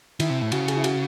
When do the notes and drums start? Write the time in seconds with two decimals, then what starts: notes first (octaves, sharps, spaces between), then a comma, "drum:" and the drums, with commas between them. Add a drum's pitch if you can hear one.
0.20 D#3 E4, drum: cymbal
0.30 C3
0.42 A2
0.52 C#3 F#4, drum: cymbal
0.68 G#4, drum: cymbal
0.77 E4
0.84 F#4, drum: cymbal